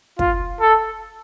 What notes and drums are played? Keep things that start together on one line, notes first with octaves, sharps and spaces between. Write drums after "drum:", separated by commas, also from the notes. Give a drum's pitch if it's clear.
F4, drum: kick
A4